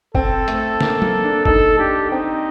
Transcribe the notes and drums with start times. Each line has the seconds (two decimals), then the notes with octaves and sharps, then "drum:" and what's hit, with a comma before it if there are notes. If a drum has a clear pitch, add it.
0.15 C4 A4, drum: kick
0.48 A3, drum: hi-hat
0.81 A#3, drum: snare
1.02 A#3, drum: tom F#3
1.24 D4
1.45 D#4 A4, drum: kick
1.79 D4 G4
2.11 C4 D#4